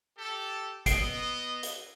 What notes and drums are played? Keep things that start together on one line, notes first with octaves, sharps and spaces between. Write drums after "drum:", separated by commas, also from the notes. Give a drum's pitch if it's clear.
G4 A4
B3 D#5 C7 D7, drum: kick, hi-hat
drum: hi-hat